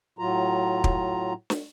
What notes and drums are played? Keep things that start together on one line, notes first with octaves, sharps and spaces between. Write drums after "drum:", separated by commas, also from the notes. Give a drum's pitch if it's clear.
A2 F#3 F4 A#5
drum: kick
drum: snare